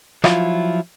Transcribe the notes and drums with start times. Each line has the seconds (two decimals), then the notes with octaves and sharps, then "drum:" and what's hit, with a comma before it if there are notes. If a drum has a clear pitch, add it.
0.24 F3 F#3 E4 F4, drum: rim click